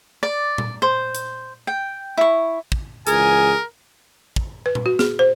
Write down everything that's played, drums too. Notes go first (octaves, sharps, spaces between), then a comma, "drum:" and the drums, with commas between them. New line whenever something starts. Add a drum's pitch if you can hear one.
D5
drum: tom A#2
C5
drum: hi-hat
G5
E4 C#6
drum: kick
C#2 E3 G#4 A#4 G#5, drum: hi-hat
drum: kick
B4
drum: tom A#2
F#4
G#4, drum: snare
C5